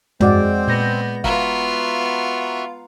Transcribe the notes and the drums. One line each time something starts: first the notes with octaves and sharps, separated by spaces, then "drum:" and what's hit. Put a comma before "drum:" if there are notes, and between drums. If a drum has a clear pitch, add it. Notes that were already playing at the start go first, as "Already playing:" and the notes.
F2 G#3 C4 F#4 C5 D5 F#5, drum: tom
A#2 B3 G6 A#6
B3 F4 F#4 E5 F5 A#5, drum: kick